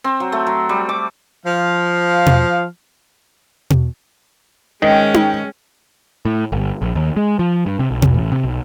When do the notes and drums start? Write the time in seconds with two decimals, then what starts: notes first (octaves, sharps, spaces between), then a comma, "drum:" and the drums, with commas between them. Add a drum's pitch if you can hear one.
0.04 C4
0.20 F#3
0.32 A3
0.47 F#3
0.69 G3
0.89 D6
1.45 F3 F5
2.26 drum: tom B2
3.70 drum: tom B2
4.82 G#2 D#3 G#3 C#4 D#5 G5
5.14 drum: tom D#4
6.25 A2
6.52 G1
6.82 A#1
6.95 D#2
7.16 G#3
7.39 F3
7.66 G2
7.79 C3
7.91 B1
8.02 drum: tom B2
8.14 A1
8.32 C3
8.44 B1